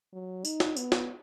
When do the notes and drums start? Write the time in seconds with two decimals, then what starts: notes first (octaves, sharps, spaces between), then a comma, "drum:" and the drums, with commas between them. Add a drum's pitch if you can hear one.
0.13 F#3
0.45 D#4, drum: tambourine
0.60 drum: snare
0.76 B3, drum: tambourine
0.92 drum: snare